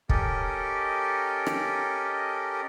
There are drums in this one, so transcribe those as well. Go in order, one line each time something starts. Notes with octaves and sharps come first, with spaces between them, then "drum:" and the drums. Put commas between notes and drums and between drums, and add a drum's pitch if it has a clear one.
C#4 G4 A4 A#4 D#5, drum: kick
drum: rim click